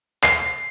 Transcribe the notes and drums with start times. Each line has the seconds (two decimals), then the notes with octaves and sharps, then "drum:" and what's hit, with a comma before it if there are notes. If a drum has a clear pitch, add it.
0.23 C7, drum: clap